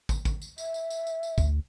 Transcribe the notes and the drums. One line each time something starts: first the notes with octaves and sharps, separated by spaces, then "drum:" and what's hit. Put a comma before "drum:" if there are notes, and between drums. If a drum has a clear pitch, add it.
drum: kick, tambourine
drum: kick, tambourine
drum: tambourine
E5, drum: tambourine
drum: tambourine
drum: tambourine
drum: tambourine
drum: tambourine
D2, drum: kick, tambourine